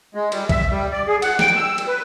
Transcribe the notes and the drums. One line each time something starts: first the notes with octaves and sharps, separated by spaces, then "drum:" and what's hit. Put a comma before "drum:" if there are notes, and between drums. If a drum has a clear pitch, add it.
G#3
G3, drum: cymbal
E5, drum: kick, cymbal
G3
D5
G#4
F#5, drum: cymbal
G5, drum: snare
E6
drum: cymbal
B4